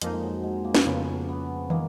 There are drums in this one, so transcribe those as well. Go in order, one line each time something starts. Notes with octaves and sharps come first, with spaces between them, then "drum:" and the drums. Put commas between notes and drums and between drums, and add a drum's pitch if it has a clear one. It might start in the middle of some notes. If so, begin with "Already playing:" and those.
F2 F3 G#3 A#3 D#4, drum: hi-hat
G#3
F#3
G#3
A#3
drum: snare
F2 C#3 F3 B3 C#4
B3
D#3 G#3 A#3, drum: tom